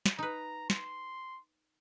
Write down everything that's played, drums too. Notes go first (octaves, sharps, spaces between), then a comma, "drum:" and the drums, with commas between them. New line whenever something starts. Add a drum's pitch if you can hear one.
drum: snare
D#4 B4 A#5
C6, drum: snare